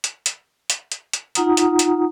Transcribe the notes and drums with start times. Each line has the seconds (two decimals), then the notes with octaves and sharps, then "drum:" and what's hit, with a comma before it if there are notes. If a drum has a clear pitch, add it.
0.04 drum: hi-hat
0.26 drum: hi-hat
0.70 drum: hi-hat
0.92 drum: hi-hat
1.13 drum: hi-hat
1.35 D#4 F4 F#5 A#5 D#6, drum: hi-hat
1.57 drum: hi-hat
1.79 drum: hi-hat